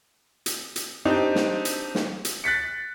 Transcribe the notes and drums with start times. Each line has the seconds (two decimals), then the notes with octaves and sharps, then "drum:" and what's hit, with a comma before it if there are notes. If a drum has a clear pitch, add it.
0.46 drum: hi-hat
0.76 drum: hi-hat
1.05 C4 D4 D#4 G4
1.35 drum: snare
1.65 drum: hi-hat
1.95 drum: snare
2.25 drum: hi-hat
2.44 F#6 A6 B6 C#7